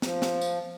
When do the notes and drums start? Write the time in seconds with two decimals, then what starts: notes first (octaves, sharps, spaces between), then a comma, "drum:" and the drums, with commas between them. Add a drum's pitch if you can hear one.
0.02 F3, drum: snare
0.22 drum: snare
0.41 drum: tambourine